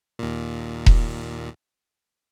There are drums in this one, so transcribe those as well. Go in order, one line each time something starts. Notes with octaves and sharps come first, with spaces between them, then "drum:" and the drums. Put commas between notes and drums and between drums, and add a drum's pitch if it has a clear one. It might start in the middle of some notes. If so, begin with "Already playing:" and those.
D#2 A#2
drum: kick E1